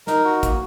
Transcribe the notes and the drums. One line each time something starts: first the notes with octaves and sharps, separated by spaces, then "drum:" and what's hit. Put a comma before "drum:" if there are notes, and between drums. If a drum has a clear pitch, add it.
D#4 A#4, drum: snare
F#4
A#3, drum: kick, hi-hat